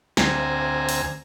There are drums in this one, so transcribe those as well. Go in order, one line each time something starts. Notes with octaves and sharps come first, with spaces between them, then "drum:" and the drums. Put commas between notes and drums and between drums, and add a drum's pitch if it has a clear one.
D2 C4 G#5 A#5, drum: snare
drum: open hi-hat